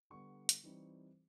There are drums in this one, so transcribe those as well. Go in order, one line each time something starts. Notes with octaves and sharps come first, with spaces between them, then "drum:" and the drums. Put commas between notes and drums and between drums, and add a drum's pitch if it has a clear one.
D3 G3 B3 C#6
drum: hi-hat
E3 G3 C4 D#4